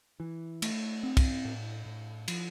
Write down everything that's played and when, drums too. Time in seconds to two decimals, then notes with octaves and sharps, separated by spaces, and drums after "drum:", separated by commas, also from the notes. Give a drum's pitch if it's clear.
0.20 E3
0.62 A3, drum: cymbal
1.03 C4
1.17 drum: kick, cymbal
1.45 A2
1.86 A2
2.28 F3, drum: cymbal